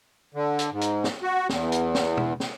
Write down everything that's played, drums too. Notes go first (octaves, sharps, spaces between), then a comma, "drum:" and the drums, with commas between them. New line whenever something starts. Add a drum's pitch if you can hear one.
D3
drum: hi-hat
G#2
drum: hi-hat
drum: snare
F#4
E2, drum: snare
drum: hi-hat
drum: snare
drum: tom B2
drum: snare